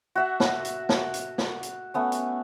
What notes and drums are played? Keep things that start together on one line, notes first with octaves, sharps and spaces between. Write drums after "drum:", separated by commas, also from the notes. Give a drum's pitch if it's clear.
F#4 E5 F#5
drum: snare
drum: hi-hat
drum: snare
drum: hi-hat
drum: snare
drum: hi-hat
A3 B3 C#4
drum: hi-hat